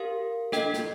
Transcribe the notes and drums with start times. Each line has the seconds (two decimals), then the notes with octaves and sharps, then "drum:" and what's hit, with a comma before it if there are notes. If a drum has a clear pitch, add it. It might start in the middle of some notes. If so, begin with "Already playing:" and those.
Already playing: G4 A#4 F5
0.52 D4 A4 D#5 G5, drum: snare
0.73 drum: snare